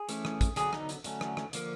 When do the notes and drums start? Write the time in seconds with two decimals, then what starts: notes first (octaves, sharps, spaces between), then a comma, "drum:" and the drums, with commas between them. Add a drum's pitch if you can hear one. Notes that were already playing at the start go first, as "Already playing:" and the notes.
Already playing: G#4
0.09 E3 A3 C#4, drum: hi-hat
0.25 drum: rim click
0.41 drum: kick, hi-hat
0.56 D3 F#3 B3 G#4, drum: hi-hat
0.73 D#4, drum: rim click
0.89 drum: hi-hat
1.04 D3 F#3 A3 C#4, drum: hi-hat
1.21 drum: rim click
1.37 drum: rim click
1.53 D3 F3 A#3, drum: hi-hat